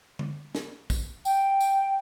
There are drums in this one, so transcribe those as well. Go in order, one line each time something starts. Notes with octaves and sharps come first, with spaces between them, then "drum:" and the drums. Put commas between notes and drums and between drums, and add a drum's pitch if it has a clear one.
drum: tom
drum: snare
drum: kick, tambourine
G5, drum: tambourine
drum: tambourine